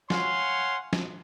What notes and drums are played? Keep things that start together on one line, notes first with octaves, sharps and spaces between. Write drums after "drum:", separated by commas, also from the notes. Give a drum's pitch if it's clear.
C#5 F5 F#5 G#5 C6, drum: snare
drum: snare